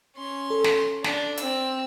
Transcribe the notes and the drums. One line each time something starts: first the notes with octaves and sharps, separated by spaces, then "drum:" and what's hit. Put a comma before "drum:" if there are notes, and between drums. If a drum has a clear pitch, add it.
C#4 C6
A4
drum: snare
D4, drum: snare
C4 E6, drum: hi-hat